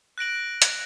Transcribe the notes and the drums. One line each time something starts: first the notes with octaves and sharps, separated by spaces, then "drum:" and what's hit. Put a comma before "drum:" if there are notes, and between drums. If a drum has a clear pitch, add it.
F#6 A#6 D7 F#7
drum: hi-hat